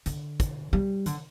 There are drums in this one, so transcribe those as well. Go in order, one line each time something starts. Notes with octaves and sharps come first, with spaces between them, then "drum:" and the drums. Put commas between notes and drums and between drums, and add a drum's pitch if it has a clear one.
D3, drum: hi-hat
drum: kick, hi-hat
G3
D3, drum: hi-hat